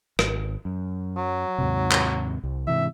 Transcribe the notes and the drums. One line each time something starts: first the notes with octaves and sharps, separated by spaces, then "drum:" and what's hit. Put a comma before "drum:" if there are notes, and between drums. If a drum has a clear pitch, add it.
G#1, drum: rim click
F#2
F#3
D#2 G#2 C3
drum: clap
C2
G#2 C3 E3 E5